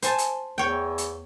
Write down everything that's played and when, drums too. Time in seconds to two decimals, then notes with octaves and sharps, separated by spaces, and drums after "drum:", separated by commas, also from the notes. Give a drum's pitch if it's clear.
0.02 C5 G#5 A5, drum: hi-hat
0.18 drum: hi-hat
0.58 E2 C#5 G5
0.98 drum: hi-hat